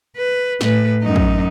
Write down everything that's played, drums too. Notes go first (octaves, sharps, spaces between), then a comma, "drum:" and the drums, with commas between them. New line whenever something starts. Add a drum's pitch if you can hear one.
B4
A2 B4, drum: snare
F#2 D#4
drum: kick